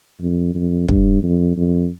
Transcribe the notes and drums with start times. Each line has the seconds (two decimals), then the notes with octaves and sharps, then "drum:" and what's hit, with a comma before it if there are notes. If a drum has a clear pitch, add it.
0.20 F2
0.55 F2
0.89 G2, drum: kick
1.23 F2
1.57 F2